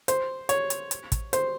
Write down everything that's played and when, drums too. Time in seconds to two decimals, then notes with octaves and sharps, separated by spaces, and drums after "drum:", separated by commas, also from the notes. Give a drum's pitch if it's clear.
0.08 C5, drum: hi-hat
0.49 C#5, drum: hi-hat
0.70 drum: hi-hat
0.91 drum: hi-hat
1.12 drum: kick, hi-hat
1.33 C5, drum: hi-hat